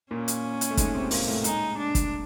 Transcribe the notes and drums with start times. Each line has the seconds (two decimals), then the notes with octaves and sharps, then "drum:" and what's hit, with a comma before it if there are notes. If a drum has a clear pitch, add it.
0.11 A#2 A#3 C#4
0.28 drum: hi-hat
0.61 drum: hi-hat
0.71 A3
0.77 G#2 G#3, drum: kick, hi-hat
0.95 C3 C4
1.11 A#2 A#3, drum: open hi-hat
1.28 A2 A3
1.44 G#2 G#3 D#4, drum: hi-hat
1.78 D4
1.95 drum: kick, hi-hat